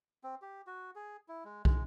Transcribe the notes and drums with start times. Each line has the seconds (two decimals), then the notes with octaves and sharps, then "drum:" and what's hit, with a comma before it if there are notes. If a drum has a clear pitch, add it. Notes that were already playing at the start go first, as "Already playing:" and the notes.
0.24 C4
0.42 G4
0.67 F#4
0.95 G#4
1.28 E4
1.45 G#3
1.65 G#3, drum: kick